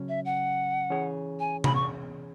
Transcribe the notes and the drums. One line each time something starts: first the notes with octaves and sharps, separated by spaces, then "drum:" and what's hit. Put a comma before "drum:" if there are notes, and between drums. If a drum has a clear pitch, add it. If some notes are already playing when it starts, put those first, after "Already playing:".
Already playing: C#3 F#3 C#4
E5
F#5
E3 C#4 G#4 C#5
G#5
B5, drum: tom C3
C#6